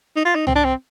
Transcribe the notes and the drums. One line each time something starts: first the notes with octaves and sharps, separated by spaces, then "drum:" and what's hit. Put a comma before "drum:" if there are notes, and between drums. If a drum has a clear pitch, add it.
D#4
F4
D#4
C4, drum: tom C2
D4
C4